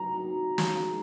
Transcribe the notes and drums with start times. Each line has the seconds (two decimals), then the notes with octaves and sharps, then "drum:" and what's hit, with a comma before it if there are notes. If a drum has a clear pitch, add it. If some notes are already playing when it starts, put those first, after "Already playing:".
Already playing: F#3 D#4 F#4 A#5
0.13 F#3 D#4 F#4
0.58 drum: snare
0.81 G#3 D#4 G#4